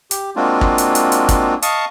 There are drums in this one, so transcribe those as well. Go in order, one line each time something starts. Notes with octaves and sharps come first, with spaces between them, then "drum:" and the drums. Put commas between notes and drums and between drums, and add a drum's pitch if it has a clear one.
G4, drum: hi-hat
G#3 A#3 C4 D4 F4 F#4
drum: kick
drum: hi-hat
drum: hi-hat
drum: hi-hat
drum: kick, hi-hat
D#5 F5 A5 C#6 D#6, drum: hi-hat